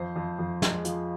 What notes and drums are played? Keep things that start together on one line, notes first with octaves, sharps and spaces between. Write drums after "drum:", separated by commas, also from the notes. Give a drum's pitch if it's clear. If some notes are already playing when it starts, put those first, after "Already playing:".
Already playing: F2 C5
F2
F2
G#3, drum: snare
F3, drum: hi-hat